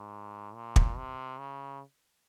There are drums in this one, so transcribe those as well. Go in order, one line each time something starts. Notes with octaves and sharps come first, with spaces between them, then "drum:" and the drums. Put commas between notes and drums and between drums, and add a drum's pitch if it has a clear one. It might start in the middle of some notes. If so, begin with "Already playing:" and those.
Already playing: G#2
A#2
drum: kick
C3
C#3